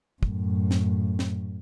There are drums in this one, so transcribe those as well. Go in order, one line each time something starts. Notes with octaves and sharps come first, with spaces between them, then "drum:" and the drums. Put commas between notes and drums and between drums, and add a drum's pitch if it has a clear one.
F#2 A2, drum: kick
drum: snare
drum: snare